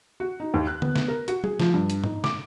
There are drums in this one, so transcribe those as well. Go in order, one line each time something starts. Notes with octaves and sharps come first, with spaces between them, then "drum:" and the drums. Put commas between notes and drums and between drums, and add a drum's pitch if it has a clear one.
F#4
D#4
D#2
F#6
B3, drum: tom D3
drum: snare
A#4
F#4, drum: hi-hat
G#4, drum: tom F#3
F3, drum: snare
G2
drum: hi-hat
D#4, drum: tom G#2
D6, drum: snare